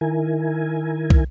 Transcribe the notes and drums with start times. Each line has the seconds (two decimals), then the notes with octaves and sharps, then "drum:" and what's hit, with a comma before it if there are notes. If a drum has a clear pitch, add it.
0.01 D#3 E4 A#4 G#5
1.10 drum: kick